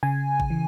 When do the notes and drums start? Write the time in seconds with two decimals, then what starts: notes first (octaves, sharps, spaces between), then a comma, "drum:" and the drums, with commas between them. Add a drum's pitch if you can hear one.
0.03 C#3 G#5
0.40 drum: kick A1
0.50 E3